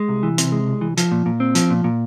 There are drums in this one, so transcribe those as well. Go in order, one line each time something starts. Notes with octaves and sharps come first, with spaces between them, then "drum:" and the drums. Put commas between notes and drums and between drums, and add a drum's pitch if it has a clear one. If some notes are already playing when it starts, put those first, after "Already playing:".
Already playing: G#3
C2
E3
C3, drum: hi-hat
G#3
C2
E3
F3, drum: hi-hat
A#2
A#2
C4
F3, drum: hi-hat
A#2
A#2